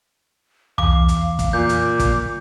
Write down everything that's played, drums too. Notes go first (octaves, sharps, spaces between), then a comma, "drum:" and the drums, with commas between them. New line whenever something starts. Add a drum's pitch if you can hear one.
E2 F5 D6, drum: tom C2
drum: hi-hat
drum: kick, hi-hat
A#2 D6 G6
drum: hi-hat
drum: kick, hi-hat